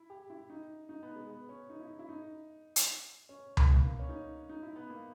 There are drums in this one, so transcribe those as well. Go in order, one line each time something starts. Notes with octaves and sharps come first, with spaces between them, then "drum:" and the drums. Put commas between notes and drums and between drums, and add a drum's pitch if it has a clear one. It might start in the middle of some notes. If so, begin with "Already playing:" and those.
Already playing: E4
G4
E4
D#4
D#4
B3
G#3
B3
C#4
D#4
E4
E4
D#4
drum: hi-hat
C#4
drum: tom C#2
B3
A#3
C#4
D#4
D#4
E4
B3
A#3